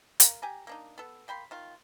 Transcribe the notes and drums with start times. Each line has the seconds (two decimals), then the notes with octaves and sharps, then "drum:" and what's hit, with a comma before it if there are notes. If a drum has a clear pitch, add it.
0.20 A#4 F5, drum: hi-hat
0.42 G4 G#5 A#5
0.67 A#3 D4 D#4
0.98 B3 A4
1.28 A#3 G5 B5 C6
1.51 D#3 F4